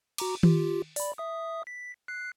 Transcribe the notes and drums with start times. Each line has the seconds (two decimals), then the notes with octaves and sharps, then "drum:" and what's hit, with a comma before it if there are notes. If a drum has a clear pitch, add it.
0.18 F#4 A#5 D6, drum: cymbal
0.43 F4 G4, drum: tom D#3
0.96 D5 B5, drum: open hi-hat
1.18 E5 D#6
1.67 B6
2.08 F#6 C7